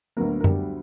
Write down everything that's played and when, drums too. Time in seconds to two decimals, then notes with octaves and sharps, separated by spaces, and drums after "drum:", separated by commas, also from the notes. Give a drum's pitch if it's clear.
0.17 D2 D3 F#3 A#3 B3 A#4
0.40 A#4
0.44 G3 G4, drum: tom F#2